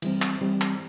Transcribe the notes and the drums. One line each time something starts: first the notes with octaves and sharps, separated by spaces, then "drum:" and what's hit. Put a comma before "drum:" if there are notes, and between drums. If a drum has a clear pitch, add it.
E3 G3 C4, drum: cymbal
drum: clap
E3 G3 C4
drum: clap